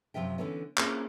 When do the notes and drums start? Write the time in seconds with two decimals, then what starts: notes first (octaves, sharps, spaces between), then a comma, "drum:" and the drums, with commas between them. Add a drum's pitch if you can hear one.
0.14 F#2 C3 F3 F4 E5 G5
0.38 D3 E3 A#3 B3 C#4
0.78 A#3 C4 C#4 E4 F4 G#4, drum: clap